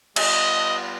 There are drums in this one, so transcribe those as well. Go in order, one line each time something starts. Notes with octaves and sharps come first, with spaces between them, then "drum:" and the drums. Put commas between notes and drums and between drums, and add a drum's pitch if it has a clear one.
G3 B3 F4 D#5, drum: cymbal